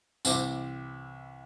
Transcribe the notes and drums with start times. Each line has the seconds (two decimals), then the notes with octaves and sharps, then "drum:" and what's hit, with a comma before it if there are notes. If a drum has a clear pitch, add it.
0.25 C2 E3 C5 D6, drum: tambourine